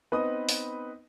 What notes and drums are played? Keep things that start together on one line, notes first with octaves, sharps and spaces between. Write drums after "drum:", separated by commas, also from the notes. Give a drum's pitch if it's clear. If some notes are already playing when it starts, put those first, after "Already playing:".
B3 C4 D#4 B4 D#5 D#6
drum: open hi-hat